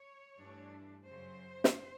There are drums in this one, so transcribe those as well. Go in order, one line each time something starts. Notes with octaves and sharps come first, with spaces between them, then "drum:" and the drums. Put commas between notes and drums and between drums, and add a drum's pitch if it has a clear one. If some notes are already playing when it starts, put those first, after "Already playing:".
Already playing: C#5
G2 E3 A3 D4
F#2 C#3 F#3 C5
drum: snare